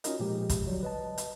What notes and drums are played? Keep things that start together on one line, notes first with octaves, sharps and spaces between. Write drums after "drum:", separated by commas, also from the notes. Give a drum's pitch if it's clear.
C#4 D#4 F4 F#4 A#4 D#5, drum: hi-hat
A#2 F3 G#3 G4
drum: kick, hi-hat
D3 F#3 G3
B4 D#5 A5
drum: hi-hat